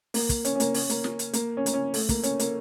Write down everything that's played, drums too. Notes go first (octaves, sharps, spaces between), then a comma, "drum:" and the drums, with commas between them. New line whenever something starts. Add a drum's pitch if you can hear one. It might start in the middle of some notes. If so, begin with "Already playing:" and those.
A#3, drum: open hi-hat
drum: kick, hi-hat
C#4, drum: hi-hat
C#4
A#3, drum: hi-hat
C#4, drum: open hi-hat
A#3, drum: hi-hat
drum: snare
drum: hi-hat
A#3, drum: hi-hat
C#4
A#3, drum: hi-hat
C#4
A3, drum: open hi-hat
A#3, drum: kick, hi-hat
C#4, drum: hi-hat
A#3, drum: hi-hat